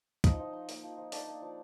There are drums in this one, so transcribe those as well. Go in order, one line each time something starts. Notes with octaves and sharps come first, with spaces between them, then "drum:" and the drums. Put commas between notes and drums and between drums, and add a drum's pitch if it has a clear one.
F3 D#4 D#5, drum: kick, hi-hat
F3
D#4
A#3, drum: open hi-hat
F3
F3
D4 D#4 D5, drum: open hi-hat
A#3
F3